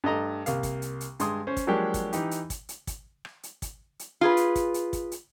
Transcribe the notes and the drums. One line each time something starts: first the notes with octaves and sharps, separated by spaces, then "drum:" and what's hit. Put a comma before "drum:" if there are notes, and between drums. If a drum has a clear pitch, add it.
G2 A3 D#5 A#5
C2 A#3 F5, drum: hi-hat
drum: kick, hi-hat
drum: hi-hat
drum: hi-hat
G2 G#3 C6 D#6, drum: hi-hat
C#4 C5
drum: kick, hi-hat
F3 F#3 G#3 A#3 D4 G4
drum: kick, hi-hat
E3 D#4 G4, drum: hi-hat
drum: hi-hat
drum: kick, hi-hat
drum: hi-hat
drum: kick, hi-hat
drum: rim click
drum: hi-hat
drum: kick, hi-hat
drum: hi-hat
F4 G#4 B4
drum: hi-hat
drum: kick, hi-hat
drum: hi-hat
drum: kick, hi-hat
drum: hi-hat